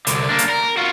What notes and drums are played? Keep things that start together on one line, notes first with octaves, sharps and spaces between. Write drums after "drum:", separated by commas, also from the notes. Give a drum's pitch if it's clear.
C2 D3, drum: hi-hat
A#3 D4
drum: hi-hat
A#4
F4 F#4